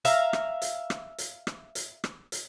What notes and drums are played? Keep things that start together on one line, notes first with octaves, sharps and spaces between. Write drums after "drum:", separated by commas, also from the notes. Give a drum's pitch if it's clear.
E5 F5 A#5, drum: hi-hat
drum: rim click
drum: hi-hat
drum: rim click
drum: hi-hat
drum: rim click
drum: hi-hat
drum: rim click
drum: hi-hat